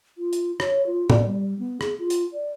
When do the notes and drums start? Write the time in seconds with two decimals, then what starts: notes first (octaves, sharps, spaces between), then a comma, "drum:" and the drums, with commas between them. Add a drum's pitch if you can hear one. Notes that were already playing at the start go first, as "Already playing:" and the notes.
0.18 F4
0.33 drum: hi-hat
0.60 C#5, drum: rim click
0.86 F4
1.10 D5, drum: tom A2
1.26 G3
1.59 B3
1.81 G#4, drum: rim click
1.99 F4
2.10 drum: hi-hat
2.33 D5